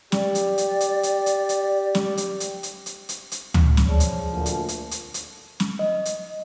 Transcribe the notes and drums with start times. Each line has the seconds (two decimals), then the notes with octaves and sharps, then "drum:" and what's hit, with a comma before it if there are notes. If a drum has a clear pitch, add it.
0.12 G4 D5, drum: snare
0.35 drum: hi-hat
0.58 drum: hi-hat
0.80 drum: hi-hat
1.03 drum: hi-hat
1.26 drum: hi-hat
1.49 drum: hi-hat
1.95 drum: snare
2.17 drum: hi-hat
2.40 drum: hi-hat
2.63 drum: hi-hat
2.86 drum: hi-hat
3.09 drum: hi-hat
3.32 drum: hi-hat
3.54 drum: tom D2
3.77 drum: snare
3.86 F3 G#4 C#5 D5
4.00 drum: hi-hat
4.31 D2 A#2
4.46 drum: hi-hat
4.68 drum: hi-hat
4.91 drum: hi-hat
5.14 drum: hi-hat
5.60 drum: snare
5.79 D#5
6.05 drum: hi-hat